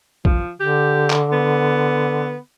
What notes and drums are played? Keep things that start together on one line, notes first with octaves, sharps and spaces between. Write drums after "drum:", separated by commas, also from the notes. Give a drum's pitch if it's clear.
F3, drum: kick
D3 G4
drum: clap
B3